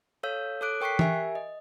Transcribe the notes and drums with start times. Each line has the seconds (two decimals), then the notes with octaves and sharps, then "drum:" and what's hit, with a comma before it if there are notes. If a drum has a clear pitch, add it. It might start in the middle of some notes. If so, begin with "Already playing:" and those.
0.23 A4 C#5 F5 E6 G6
0.61 A4 C#5 D6 F#6 D7
0.81 A#4 G5 C#6 F#6 B6 C7
0.99 G4 A#4 E5 G#5, drum: tom
1.35 D#5